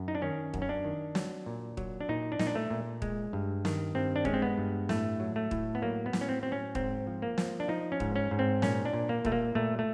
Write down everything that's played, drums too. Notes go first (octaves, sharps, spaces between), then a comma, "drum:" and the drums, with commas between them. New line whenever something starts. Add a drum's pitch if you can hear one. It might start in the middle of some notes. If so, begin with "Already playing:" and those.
Already playing: F#2
D#4
D4
D#3 C#4
F#2, drum: kick
C#4
D4
D#3
F#3, drum: snare
A#2
F#3, drum: kick
D4
A#2 D#4
D4
A#2 D#4, drum: snare
D4
A3
A#2
G#3, drum: kick
G2
D#3, drum: snare
G2 C4
D4
G#3 C#4, drum: kick
C4
B3
G2
A2 A3, drum: snare
F#3
A3
A2, drum: kick
B3
F#3 A#3
B3
A2, drum: snare
C#4
C4
F#3 C4
C#4
G#2 C4, drum: kick
F3
A#3
F3, drum: snare
D4
F3 D#4
C#4
G#2, drum: kick
C#4
G#2
C4
A#2 C#4, drum: snare
D4
A#2
A#3
A#2 A3, drum: kick
A#3
A#2 A3
A3